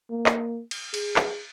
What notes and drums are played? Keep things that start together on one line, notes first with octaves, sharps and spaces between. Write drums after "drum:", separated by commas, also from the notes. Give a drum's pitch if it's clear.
A#3
drum: clap
drum: cymbal
G#4, drum: cymbal
drum: clap